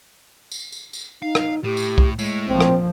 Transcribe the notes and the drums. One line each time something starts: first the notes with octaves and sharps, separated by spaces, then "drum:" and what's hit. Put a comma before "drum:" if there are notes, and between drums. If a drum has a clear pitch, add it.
drum: tambourine
drum: tambourine
drum: tambourine
D#4 F5
drum: rim click
A2 G4
drum: tambourine
drum: kick C2
A2 G#3, drum: tambourine
A#1 F3 C4
drum: rim click